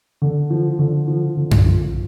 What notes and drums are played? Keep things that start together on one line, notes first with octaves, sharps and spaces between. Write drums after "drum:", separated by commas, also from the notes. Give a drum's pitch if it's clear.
D3
F3
D3
F3
D3
drum: tom F#2
F3